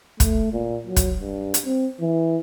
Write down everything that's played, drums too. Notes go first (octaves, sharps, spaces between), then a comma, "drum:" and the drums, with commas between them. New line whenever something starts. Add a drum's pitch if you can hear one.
A3, drum: kick, hi-hat
A#2
F#3
drum: kick, hi-hat
G2
drum: hi-hat
C4
E3